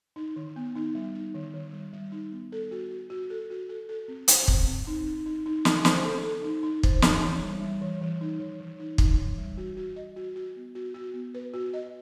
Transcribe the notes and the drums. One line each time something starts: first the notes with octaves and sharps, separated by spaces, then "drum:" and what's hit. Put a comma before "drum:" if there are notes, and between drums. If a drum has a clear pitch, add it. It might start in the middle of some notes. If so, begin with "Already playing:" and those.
D#4
D#3
B3
D#4
G3
D#4
D#3
D#3
G3
G3
D#4
B3
A4
F#4
F#4
F#4
A4
F#4
A4
A4
C4
C5, drum: hi-hat
C4, drum: kick
C4
D#4
D#4
D#4
D#4
D#4, drum: snare
C5, drum: snare
A4
A4
D#4
D#4
C5, drum: kick
D#4, drum: snare
E3
G3
G3
E3
E3
D#4
E3
E3
D#4
D#4, drum: kick
E3
G3
F#4
F#4
D#5
F#4
F#4
B3
F#4
F#4
B3
B4
F#4
D#5